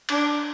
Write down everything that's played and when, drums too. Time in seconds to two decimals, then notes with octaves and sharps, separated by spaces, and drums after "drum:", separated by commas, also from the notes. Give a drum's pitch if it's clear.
0.09 D4, drum: cymbal